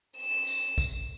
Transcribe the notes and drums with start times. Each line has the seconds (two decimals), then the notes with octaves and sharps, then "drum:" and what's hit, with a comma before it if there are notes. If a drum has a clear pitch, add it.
0.17 E7
0.47 drum: tambourine
0.78 drum: kick A1, tambourine